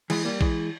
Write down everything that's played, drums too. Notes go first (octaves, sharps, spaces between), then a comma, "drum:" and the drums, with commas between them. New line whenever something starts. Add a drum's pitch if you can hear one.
E3 G#3, drum: cymbal
G3 A#3
E3 G#3, drum: kick A#1